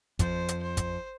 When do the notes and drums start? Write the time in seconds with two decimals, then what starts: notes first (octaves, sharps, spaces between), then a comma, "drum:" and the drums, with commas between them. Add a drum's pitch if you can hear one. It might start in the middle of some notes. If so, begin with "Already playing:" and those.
0.19 F2 F3 C5, drum: kick, hi-hat
0.48 drum: hi-hat
0.63 C5
0.77 drum: kick, hi-hat